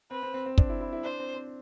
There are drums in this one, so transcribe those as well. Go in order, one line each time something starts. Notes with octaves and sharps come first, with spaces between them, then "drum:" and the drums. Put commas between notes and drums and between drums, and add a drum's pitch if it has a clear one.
C4 B4
C4
C4
C4
D4, drum: kick
E4
E4
E4
D4 C5
C4
C4